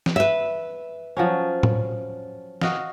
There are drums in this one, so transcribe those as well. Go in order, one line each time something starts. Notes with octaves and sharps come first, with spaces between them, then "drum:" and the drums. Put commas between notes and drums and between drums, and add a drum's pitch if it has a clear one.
drum: snare
B4 E5
F3 F#3 C#4
drum: tom A2
F#4 D#5 F5, drum: snare